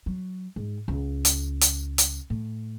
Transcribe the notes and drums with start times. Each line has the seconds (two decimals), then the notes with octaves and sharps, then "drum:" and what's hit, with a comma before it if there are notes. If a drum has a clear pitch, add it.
0.06 F#3
0.56 G#2
0.88 C#2
1.25 drum: hi-hat
1.61 drum: hi-hat
1.98 drum: hi-hat
2.30 A2